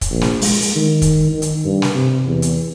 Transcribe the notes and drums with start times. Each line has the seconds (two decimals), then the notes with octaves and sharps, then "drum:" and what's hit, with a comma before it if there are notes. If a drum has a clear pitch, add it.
0.01 drum: kick, hi-hat
0.11 A#1
0.21 drum: snare
0.42 G#3, drum: open hi-hat
0.62 drum: hi-hat
0.75 D#3
1.02 drum: kick, hi-hat
1.32 D#3
1.42 drum: hi-hat
1.65 G2
1.82 drum: snare
1.95 C3
2.26 E2
2.42 drum: hi-hat